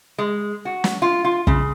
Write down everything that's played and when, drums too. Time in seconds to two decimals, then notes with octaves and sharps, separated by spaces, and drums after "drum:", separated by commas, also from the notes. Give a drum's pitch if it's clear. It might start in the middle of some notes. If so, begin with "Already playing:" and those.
0.18 G#3
0.65 F#4
0.84 drum: snare
1.02 F4
1.25 F4
1.47 C#3, drum: kick